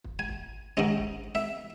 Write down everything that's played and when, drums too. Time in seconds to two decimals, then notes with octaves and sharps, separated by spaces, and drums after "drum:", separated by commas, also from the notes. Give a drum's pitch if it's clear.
0.04 drum: kick
0.19 G#5
0.29 drum: kick
0.77 G#2 D#3 G#3 C#4
0.98 drum: kick
1.35 E5, drum: snare